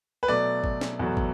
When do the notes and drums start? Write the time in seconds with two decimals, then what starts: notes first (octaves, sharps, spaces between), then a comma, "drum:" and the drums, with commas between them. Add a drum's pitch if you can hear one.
0.23 B4
0.28 B2 F#3 A3 D5
0.64 drum: kick
0.81 drum: snare
0.99 E2 B2 F#3 A3
1.17 drum: kick